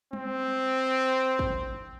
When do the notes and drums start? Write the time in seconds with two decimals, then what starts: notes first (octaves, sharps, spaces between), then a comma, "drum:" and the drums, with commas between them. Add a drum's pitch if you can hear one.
0.13 C4, drum: tom
1.39 drum: kick